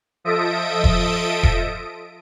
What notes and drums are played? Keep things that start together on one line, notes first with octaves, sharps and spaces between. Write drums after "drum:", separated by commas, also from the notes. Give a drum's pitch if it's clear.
F3 A4 D#5 E5 D#6 D7
drum: kick E1
drum: kick E1